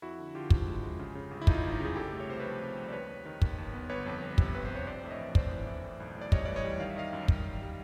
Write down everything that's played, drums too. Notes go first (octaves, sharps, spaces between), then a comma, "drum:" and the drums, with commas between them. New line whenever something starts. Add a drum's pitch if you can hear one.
F2 E4 F#4
D3
D3 F4 G4
F3, drum: kick
G#3
G#3
C#3
C#3
G1
E4
G1 D#4 F4, drum: kick
G1
D#4
C#3 G#4
C2 G4 A4
A3
C#5
C3 C5
F3 B4 C#5
C3
C2
D5
D#2 B4 C#5
D#2
D#3
D#2, drum: kick
D#2
B3
G1 B4 C#5
F2
G1
C3, drum: kick
G1 B4
C5
C3
C#5
A#1 C5 D5
A2 E5
C#5 D#5
E3
A#1 C5 D5, drum: kick
E3
E3
A2
B1
A2
D5
G3 C#5 D#5, drum: kick
E3 D5
C#5 D#5
G3
D#3 F5
E5
D#3 D#5 F5
F#2
F#2, drum: kick
D#3
G3